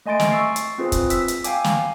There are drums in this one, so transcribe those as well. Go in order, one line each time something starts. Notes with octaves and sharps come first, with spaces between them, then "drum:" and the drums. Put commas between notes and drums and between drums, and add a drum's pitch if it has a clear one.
A3 D#5 G#5 C6 A6 D7
drum: snare
C#6 E6 A6 C7
drum: hi-hat
C4 F4 G#4 B4 C5
drum: kick, hi-hat
E6 B6, drum: hi-hat
drum: hi-hat
F5 G5 G#5 D6, drum: hi-hat
drum: snare